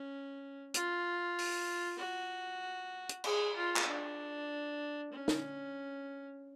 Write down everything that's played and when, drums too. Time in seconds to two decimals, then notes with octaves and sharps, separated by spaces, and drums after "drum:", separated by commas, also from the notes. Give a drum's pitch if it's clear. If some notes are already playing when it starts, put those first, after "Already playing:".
Already playing: C#4
0.74 F4, drum: hi-hat
1.39 drum: open hi-hat
1.99 F#4
3.09 drum: hi-hat
3.24 G#4, drum: cymbal
3.56 F4
3.76 drum: clap
3.87 D4
5.12 C#4
5.28 drum: snare D#4